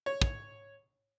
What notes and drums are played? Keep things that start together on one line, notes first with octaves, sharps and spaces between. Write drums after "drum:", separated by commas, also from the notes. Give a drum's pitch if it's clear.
C#5
drum: kick